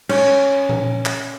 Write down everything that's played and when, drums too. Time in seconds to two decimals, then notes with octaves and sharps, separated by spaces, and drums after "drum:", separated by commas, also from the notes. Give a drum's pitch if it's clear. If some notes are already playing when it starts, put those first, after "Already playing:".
0.09 C#4, drum: cymbal
0.69 drum: tom A#2
1.06 drum: clap